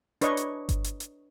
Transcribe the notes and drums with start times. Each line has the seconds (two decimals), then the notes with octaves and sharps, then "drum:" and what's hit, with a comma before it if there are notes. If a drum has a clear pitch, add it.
0.21 D4 B4 C#5 D#5 C#6, drum: hi-hat
0.37 drum: hi-hat
0.69 drum: kick G1, hi-hat
0.84 drum: hi-hat
1.00 drum: hi-hat